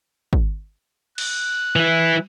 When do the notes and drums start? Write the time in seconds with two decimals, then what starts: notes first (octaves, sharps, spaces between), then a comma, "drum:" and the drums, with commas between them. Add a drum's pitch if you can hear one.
0.33 drum: kick
1.18 F#6, drum: cymbal
1.76 E3 E4